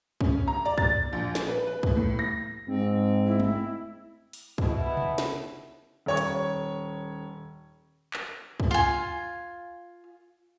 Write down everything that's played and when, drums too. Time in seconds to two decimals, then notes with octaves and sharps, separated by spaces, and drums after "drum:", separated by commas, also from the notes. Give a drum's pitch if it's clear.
0.21 C#4, drum: kick
0.48 A#5
0.65 D5
0.78 A6, drum: kick
1.13 A#1
1.35 drum: snare
1.48 B4
1.67 B4
1.83 drum: kick
1.96 A2
2.19 A#6
2.68 G#2 C4
3.26 E4
3.40 drum: tom G#3
4.33 drum: open hi-hat
4.58 B2 E4, drum: kick
4.97 drum: tom C3
5.18 drum: snare
6.06 D#1 C#5 C#6
6.17 drum: hi-hat
8.13 drum: clap
8.60 drum: kick
8.71 F4 G#5